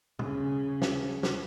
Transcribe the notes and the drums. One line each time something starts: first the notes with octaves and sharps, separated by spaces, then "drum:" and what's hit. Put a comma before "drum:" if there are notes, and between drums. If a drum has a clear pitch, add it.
C#3, drum: tom
drum: snare
drum: snare